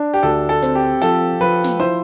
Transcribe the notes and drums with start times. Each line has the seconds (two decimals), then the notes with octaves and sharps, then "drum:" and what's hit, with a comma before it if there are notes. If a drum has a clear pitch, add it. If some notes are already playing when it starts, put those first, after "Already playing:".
Already playing: D4
0.14 G4
0.23 D2 A4
0.49 A4
0.62 C4, drum: hi-hat
0.75 G4
1.02 F3 A4, drum: hi-hat
1.40 F3 B4
1.64 drum: snare
1.80 E4 C5